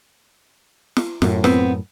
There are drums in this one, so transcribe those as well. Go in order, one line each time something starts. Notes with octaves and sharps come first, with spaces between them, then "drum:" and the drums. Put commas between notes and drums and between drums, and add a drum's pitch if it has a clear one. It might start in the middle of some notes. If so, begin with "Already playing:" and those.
drum: snare
F#2 A2, drum: snare
B3 C4, drum: snare